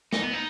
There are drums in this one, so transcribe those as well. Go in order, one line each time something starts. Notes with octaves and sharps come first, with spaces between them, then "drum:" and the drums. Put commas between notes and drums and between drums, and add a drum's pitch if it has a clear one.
D#4, drum: snare
B3
D#4